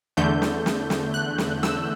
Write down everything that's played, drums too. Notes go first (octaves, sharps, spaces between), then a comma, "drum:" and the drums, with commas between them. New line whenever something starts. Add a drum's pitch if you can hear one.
E2 D3 A3 G6
drum: snare
drum: snare
drum: snare
F#6
drum: snare
E6, drum: snare